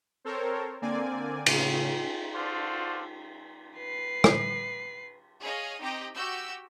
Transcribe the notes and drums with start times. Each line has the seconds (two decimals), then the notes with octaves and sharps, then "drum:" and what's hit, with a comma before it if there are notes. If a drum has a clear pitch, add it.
0.25 C4 A4 A#4 C5 C#5
0.82 D3 A#3 C4 D5 G#5
1.46 A2 C#3, drum: cymbal
2.34 D4 F4 F#4 A4 C5 D5
3.78 B4 C7
4.24 drum: rim click
5.41 G#4 C#5 D#5 F5
5.81 C4 D#4 G4 D#5 G5
6.14 F#4 G4 E6 G6